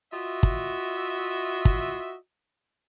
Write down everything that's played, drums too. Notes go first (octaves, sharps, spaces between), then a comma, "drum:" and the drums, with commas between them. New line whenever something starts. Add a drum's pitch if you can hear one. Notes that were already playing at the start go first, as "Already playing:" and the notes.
F4 F#4 D#5 E5
drum: kick
drum: kick